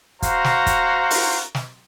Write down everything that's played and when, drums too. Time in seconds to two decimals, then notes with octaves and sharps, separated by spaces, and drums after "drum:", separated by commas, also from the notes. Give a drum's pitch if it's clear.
0.22 F#4 C5 F5 A#5, drum: kick, hi-hat
0.44 drum: snare
0.66 drum: kick, hi-hat
1.11 drum: open hi-hat
1.55 drum: snare